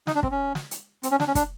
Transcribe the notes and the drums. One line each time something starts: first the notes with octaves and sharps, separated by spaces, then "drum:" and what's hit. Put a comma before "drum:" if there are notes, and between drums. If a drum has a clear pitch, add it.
D#4, drum: snare
D4
C4, drum: kick
C#4
drum: snare
drum: hi-hat
C4, drum: hi-hat
C#4
D4, drum: snare
C#4
D4, drum: kick, hi-hat